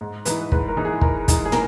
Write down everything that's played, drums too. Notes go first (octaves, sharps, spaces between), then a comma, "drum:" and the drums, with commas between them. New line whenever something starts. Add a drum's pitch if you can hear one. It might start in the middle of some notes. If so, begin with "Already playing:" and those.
G#2
E3 G#3 D#4 B4, drum: hi-hat
G#2 B4, drum: kick
A#4
E3 G#3 D#4
G#4
G#2 A#4, drum: kick
E3 G#3 D#4, drum: kick, hi-hat
G#4
A#4, drum: tom